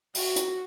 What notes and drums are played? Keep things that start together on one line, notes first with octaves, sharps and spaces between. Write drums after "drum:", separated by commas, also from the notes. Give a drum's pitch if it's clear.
F#4, drum: open hi-hat
drum: hi-hat